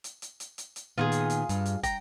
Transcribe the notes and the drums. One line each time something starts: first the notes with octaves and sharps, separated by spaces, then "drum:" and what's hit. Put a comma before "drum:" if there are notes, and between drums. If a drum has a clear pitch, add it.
drum: hi-hat
drum: hi-hat
drum: hi-hat
drum: hi-hat
drum: hi-hat
A#2 D#3 B3 F4 F#4 G#4
drum: hi-hat
drum: hi-hat
G2, drum: hi-hat
drum: hi-hat
G5 A#5, drum: kick, hi-hat